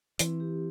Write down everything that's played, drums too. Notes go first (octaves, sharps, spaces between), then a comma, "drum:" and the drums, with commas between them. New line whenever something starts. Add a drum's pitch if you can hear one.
E3 C4, drum: hi-hat
G4